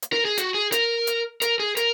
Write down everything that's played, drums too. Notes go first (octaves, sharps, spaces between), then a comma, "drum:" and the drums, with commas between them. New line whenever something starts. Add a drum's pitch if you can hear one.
drum: hi-hat
A#4
G#4
F#4, drum: hi-hat
G#4
A#4, drum: hi-hat
drum: hi-hat
A#4, drum: hi-hat
G#4
A#4, drum: hi-hat